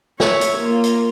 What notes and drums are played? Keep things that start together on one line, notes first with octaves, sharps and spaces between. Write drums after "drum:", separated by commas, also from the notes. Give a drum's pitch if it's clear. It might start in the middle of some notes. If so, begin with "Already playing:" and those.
C#5 E5, drum: snare
drum: hi-hat
A#3 F4
drum: hi-hat